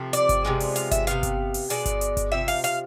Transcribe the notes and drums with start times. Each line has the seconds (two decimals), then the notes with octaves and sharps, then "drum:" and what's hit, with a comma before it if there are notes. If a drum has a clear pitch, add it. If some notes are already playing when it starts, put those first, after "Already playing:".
Already playing: C3 F3 A3
0.13 D5, drum: hi-hat
0.29 drum: kick G1, hi-hat
0.45 C3 F3 G#3 B3
0.60 drum: open hi-hat
0.76 F5, drum: hi-hat
0.91 E5, drum: kick G1, hi-hat
1.07 C3 G#3 B3 F5, drum: hi-hat
1.23 drum: kick G1, hi-hat
1.54 drum: open hi-hat
1.70 B2 G#3 B3 D5, drum: hi-hat
1.86 drum: kick G1, hi-hat
2.01 drum: hi-hat
2.17 drum: kick G1, hi-hat
2.32 C3 F3 E5
2.48 F5, drum: open hi-hat
2.64 F5, drum: hi-hat